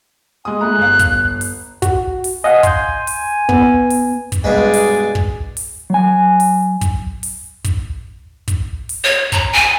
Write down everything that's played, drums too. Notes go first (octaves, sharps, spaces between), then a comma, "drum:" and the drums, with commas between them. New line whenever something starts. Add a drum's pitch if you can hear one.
G#3 G#5 D#6
G#2 A3 A#5 F#6
G1 F5
drum: kick, hi-hat
drum: open hi-hat
F#4, drum: kick, hi-hat
drum: open hi-hat
D#5 F5 F#5 G#5
C6 G6, drum: kick, hi-hat
drum: open hi-hat
B3, drum: kick
drum: open hi-hat
drum: kick, hi-hat
G2 B2 G#3 G#4 D5
drum: open hi-hat
drum: kick
drum: open hi-hat
F#3 G#5
drum: open hi-hat
drum: kick, hi-hat
drum: open hi-hat
drum: kick, hi-hat
drum: kick, hi-hat
drum: open hi-hat
C#5
A#5, drum: kick, hi-hat
G#5